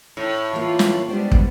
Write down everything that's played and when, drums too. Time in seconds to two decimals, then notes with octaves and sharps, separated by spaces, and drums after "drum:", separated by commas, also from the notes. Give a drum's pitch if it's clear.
0.17 A2
0.53 E3 A#3 F4
0.79 drum: snare
1.08 G3 G#3 B3 D4 C5 D5
1.32 drum: kick